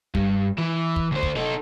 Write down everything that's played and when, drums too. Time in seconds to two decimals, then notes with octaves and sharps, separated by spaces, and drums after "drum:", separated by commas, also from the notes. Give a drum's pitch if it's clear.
0.15 G2, drum: kick
0.58 E3
0.96 drum: kick
1.12 D2 C5
1.23 drum: kick
1.36 D#4 A4